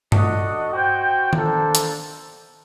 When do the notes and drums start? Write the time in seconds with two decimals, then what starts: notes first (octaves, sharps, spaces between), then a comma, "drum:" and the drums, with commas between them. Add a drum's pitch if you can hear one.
0.12 D4 F#4 A4 D#5 F#5, drum: tom G2
0.72 F#4 C5 G5
1.33 A#3 D4 A4 C5, drum: tom D#3
1.75 drum: hi-hat